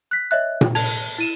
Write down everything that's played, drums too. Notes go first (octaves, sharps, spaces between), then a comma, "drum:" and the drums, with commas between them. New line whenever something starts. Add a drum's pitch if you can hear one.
F#6 B6
C#5 D#5 E5 F#6
drum: tom A#2
A5 G#6 F7, drum: open hi-hat
E4 D#7 E7